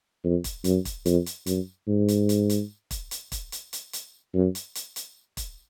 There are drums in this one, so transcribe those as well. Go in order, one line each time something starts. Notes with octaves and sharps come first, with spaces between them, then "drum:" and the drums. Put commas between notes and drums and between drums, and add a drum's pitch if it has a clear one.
F2
drum: kick, hi-hat
F#2, drum: hi-hat
drum: kick, hi-hat
F2, drum: hi-hat
drum: hi-hat
F#2, drum: hi-hat
G#2
drum: hi-hat
drum: hi-hat
drum: hi-hat
drum: kick, hi-hat
drum: hi-hat
drum: kick, hi-hat
drum: hi-hat
drum: hi-hat
drum: hi-hat
F#2
drum: hi-hat
drum: hi-hat
drum: hi-hat
drum: kick, hi-hat